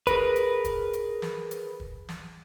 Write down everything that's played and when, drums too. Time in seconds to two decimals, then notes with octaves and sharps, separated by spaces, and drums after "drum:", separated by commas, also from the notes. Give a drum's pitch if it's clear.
0.07 G#4 A#4 B4, drum: kick, hi-hat
0.36 drum: hi-hat
0.65 drum: kick, hi-hat
0.93 drum: hi-hat
1.22 drum: snare
1.51 drum: hi-hat
1.80 drum: kick
2.09 drum: snare